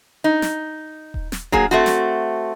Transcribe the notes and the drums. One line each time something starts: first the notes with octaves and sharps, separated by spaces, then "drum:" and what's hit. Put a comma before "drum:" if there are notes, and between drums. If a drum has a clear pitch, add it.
D#4
drum: snare
drum: kick D#1
drum: snare
F#3 A#3 G#4, drum: kick D#1
A3 C4 F#4
drum: snare